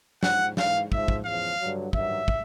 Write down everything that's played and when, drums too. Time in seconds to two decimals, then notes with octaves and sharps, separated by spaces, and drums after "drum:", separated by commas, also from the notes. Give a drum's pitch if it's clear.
0.23 G#2 F3 F#5, drum: snare
0.57 G#2 E3 F5, drum: snare
0.92 G#2 F3 E5, drum: kick
1.08 drum: kick
1.25 E2 C#3 F3 F5
1.60 G2 D3 F#3
1.93 G2 D#3 F#3 E5, drum: kick
2.28 drum: kick